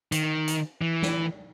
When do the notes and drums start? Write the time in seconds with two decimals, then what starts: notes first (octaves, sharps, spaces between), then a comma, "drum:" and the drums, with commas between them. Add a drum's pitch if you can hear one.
0.12 D#3, drum: hi-hat
0.48 drum: hi-hat
0.82 E3
1.02 drum: snare